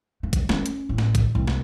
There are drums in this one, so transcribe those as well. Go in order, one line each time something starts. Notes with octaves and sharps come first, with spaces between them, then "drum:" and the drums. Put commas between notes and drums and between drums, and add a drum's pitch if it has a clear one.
A3
drum: kick, hi-hat
C#4, drum: snare
drum: hi-hat
A1
drum: snare
drum: kick, hi-hat
C2
drum: snare